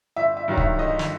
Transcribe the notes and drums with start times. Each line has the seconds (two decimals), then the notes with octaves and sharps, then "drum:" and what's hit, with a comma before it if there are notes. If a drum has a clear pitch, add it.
0.16 G1 E5
0.37 E5
0.48 G2 D#3 F#3
0.57 E5, drum: kick C#1
0.78 G1 D#5
0.99 drum: snare